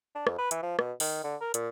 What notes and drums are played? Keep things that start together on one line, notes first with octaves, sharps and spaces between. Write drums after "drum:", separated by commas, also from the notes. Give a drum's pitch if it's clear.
D4
F2, drum: rim click
B4
E3, drum: hi-hat
F3
B2, drum: rim click
D#3, drum: open hi-hat
D3
A#4
A#2, drum: hi-hat